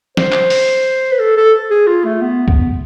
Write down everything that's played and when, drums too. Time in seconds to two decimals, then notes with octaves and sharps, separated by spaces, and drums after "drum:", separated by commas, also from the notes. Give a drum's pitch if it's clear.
0.17 C5, drum: snare
0.32 drum: clap
0.50 drum: open hi-hat
1.12 B4
1.19 A4
1.37 A4
1.71 G#4
1.87 F4
2.05 A3
2.21 B3
2.48 B3, drum: kick C2